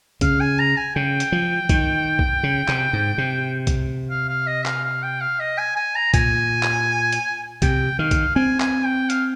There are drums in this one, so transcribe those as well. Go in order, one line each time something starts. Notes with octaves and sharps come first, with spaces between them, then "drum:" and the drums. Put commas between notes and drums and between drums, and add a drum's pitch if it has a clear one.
C#3 F5, drum: kick, hi-hat
G#5
A#5
G#5
C#3 G5
drum: hi-hat
F3
D#3, drum: kick, hi-hat
drum: kick
C#3
C3, drum: clap
G#2
C3
drum: kick, hi-hat
F5
F5
D#5
F5, drum: clap
F5
G5
F5
D#5
G#5
G#5
A#5
A#2 G#5, drum: kick, hi-hat
drum: clap
drum: hi-hat
C3 G5, drum: kick, hi-hat
D#3 F5
drum: kick, hi-hat
C4 G#5
G#5, drum: clap
G5
F5, drum: hi-hat